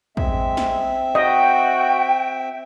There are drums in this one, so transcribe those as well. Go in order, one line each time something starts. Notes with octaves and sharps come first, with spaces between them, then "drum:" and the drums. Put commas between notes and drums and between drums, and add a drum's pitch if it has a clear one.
G#3 C4 E5, drum: kick
drum: snare
F#4 D#5 G5